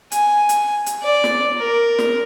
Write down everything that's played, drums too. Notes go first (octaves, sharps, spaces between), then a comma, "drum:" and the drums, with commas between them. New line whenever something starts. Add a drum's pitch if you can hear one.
G#5, drum: hi-hat
drum: hi-hat
drum: hi-hat
D5
drum: snare
A#4
drum: snare